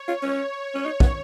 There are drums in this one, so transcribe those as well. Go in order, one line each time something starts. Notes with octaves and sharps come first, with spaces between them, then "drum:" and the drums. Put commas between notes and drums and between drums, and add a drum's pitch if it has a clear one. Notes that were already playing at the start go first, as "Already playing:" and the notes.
Already playing: C#5
F4
C#4
C#4
D#4
B3, drum: kick